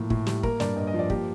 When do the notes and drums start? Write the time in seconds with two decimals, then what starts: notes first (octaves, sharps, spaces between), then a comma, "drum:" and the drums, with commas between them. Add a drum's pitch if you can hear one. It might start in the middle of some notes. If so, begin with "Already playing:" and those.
Already playing: A2 F3 A#3
0.10 A2, drum: kick
0.27 G3, drum: snare
0.43 A#3 A#4, drum: kick
0.60 G2 D5, drum: snare
0.76 G2 D#5
0.87 D#5
0.94 F3 D5
1.10 A#3 G4, drum: kick